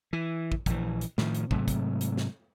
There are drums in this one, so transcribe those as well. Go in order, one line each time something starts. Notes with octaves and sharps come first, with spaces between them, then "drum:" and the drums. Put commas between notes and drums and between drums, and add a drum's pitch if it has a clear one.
E3
drum: kick
A#1 E3, drum: kick, hi-hat
drum: hi-hat
A2 D#3 F3, drum: snare
drum: hi-hat
G#2 C3 F#3 A3, drum: kick
drum: kick, hi-hat
drum: hi-hat
drum: snare